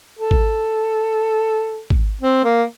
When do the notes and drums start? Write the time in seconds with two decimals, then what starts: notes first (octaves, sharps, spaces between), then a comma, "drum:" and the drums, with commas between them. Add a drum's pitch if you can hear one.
0.19 A4
0.31 drum: kick
1.90 drum: kick
2.21 C4
2.44 A#3